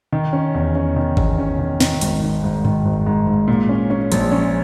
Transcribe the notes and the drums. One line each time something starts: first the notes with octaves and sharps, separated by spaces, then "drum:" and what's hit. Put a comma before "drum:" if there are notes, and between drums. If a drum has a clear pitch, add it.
D#3
C#4
E2
C#4
D#3
E2, drum: kick G#1
C#4
D#3
D#3, drum: snare
G#1, drum: hi-hat
D#3
G#2
D#3, drum: tom G2
G#1
G#2
G#2
A#2
C#4
C#4
A#1, drum: hi-hat
C#4